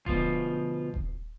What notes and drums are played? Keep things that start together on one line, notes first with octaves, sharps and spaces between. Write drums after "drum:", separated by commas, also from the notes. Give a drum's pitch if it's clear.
D2 B2 F3 F4, drum: kick D#1
drum: kick D#1